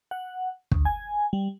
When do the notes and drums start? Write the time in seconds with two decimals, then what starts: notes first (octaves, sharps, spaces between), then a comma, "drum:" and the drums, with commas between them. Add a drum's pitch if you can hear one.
0.11 F#5
0.72 D2, drum: kick
0.85 G#5
1.33 G3